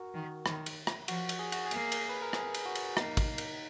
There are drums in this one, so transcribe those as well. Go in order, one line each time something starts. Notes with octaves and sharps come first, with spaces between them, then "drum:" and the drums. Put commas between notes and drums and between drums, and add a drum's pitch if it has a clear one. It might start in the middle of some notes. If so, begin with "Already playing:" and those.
Already playing: F#4 A#4
D#3
D#3, drum: rim click
drum: cymbal
drum: rim click
F3 F#4, drum: cymbal
drum: cymbal
G#4
F#4, drum: cymbal
G#4
A#3, drum: cymbal
drum: cymbal
B4
A#4
G#4, drum: rim click
drum: cymbal
F#4
drum: cymbal
A#3 D#4, drum: rim click
drum: kick, cymbal
drum: cymbal